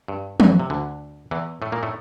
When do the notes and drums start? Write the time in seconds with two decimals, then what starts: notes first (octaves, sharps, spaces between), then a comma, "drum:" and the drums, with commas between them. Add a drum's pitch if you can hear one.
0.08 G2
0.40 G2, drum: tom
0.60 C3
0.70 D2 D3
1.31 E2 E3
1.62 A2 A3
1.72 A#2 A#3
1.83 A2 A3